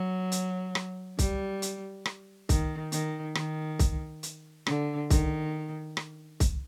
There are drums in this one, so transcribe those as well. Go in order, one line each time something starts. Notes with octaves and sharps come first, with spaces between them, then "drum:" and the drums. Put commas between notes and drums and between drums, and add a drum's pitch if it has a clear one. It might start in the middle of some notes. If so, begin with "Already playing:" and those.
Already playing: F#3
drum: hi-hat
drum: rim click
G3, drum: kick, hi-hat
drum: hi-hat
drum: rim click
D#3, drum: kick, hi-hat
D#3, drum: hi-hat
D#3, drum: rim click
drum: kick, hi-hat
drum: hi-hat
D3, drum: rim click
D#3, drum: kick, hi-hat
drum: rim click
drum: kick, hi-hat